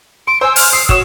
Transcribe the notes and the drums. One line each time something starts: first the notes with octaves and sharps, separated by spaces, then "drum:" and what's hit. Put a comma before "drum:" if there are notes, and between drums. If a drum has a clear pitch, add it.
C6 D7
C5 G#5 E6
F6, drum: open hi-hat
D#6 E6 C7
F#4 C#5 D#6 E7, drum: kick